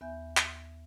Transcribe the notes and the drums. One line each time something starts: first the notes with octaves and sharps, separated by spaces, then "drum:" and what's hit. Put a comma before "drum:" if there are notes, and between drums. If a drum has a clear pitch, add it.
D#2 B3 E5 G#5 G6
drum: clap